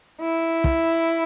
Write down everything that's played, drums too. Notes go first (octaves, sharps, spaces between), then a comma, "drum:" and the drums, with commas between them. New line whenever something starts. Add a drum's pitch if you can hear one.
E4
drum: kick